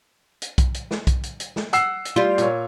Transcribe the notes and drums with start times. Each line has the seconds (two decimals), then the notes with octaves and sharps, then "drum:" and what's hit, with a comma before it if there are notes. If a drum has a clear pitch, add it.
0.42 drum: hi-hat
0.58 drum: kick B1, hi-hat
0.74 drum: hi-hat
0.91 drum: snare
1.07 drum: kick B1, hi-hat
1.23 drum: hi-hat
1.40 drum: hi-hat
1.56 drum: snare
1.73 F#5 E6 C7, drum: hi-hat
2.05 drum: hi-hat
2.16 G3 F4
2.38 A#2 C#5, drum: hi-hat